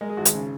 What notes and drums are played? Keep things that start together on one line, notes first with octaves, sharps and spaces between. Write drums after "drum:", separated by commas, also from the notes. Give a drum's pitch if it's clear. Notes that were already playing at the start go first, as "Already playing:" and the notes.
G#3 A#4
G#4
G#1 F#4
G#4, drum: hi-hat
C#3